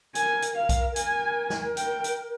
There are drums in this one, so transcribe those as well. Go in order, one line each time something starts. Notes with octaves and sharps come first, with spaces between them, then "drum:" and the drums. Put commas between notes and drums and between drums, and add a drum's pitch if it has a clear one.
A#4 G#5, drum: hi-hat
drum: hi-hat
A#4 F5
drum: kick B1, hi-hat
A#4 G#5, drum: hi-hat
drum: snare
G5, drum: hi-hat
drum: hi-hat